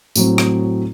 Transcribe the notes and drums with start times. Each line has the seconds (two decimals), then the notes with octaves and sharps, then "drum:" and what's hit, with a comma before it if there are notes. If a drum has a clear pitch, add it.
0.16 A2 F#3 C4, drum: tambourine
0.38 drum: rim click